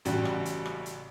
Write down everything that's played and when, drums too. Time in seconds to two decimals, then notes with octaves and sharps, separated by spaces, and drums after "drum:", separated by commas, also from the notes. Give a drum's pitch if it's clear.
0.05 A1 C#3 G3 F#4, drum: hi-hat
0.25 drum: rim click
0.45 drum: hi-hat
0.66 drum: rim click
0.86 drum: hi-hat